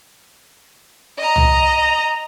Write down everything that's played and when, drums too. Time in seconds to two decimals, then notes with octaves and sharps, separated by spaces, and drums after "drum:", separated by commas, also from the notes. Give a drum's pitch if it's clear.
1.18 D#5 A#5
1.36 drum: tom C2